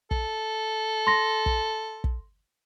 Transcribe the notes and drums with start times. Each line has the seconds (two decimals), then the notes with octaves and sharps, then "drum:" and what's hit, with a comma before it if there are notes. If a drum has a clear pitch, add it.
0.11 A4, drum: kick
1.07 C6 A#6
1.46 drum: kick
2.04 drum: kick